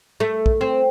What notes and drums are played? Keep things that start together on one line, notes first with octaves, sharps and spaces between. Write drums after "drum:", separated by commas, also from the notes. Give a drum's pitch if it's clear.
A3
drum: kick
C4